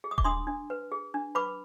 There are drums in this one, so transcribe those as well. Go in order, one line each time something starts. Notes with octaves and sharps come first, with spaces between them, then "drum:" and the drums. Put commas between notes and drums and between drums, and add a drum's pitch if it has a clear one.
G#4
D#6
D6, drum: kick D#1
D4 C6 D#6
D4
B4
G#4
D4
B4 B5 D6